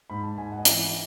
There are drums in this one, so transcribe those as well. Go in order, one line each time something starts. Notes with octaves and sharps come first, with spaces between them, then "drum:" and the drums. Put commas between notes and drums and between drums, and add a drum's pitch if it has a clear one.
G#2 B5
A5
G#2 G#5
F#5
D#5
E3 E5, drum: hi-hat